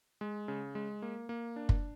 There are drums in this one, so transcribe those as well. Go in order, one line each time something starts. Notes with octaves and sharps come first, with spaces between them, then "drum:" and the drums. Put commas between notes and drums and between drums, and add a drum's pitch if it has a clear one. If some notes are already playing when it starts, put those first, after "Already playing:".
G#3
C#3
G#3
A#3
A#3
D4
drum: kick